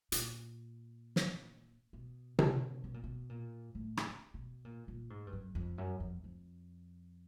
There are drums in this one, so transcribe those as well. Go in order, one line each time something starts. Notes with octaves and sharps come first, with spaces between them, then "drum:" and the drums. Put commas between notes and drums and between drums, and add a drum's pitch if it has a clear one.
A#2, drum: hi-hat
drum: snare
B2
B2, drum: tom C3
B2
A#2
B2
A#2
A2
drum: rim click
B2
A#2
A#2
G#2
G2
F#2
F2
F#2
F2
F2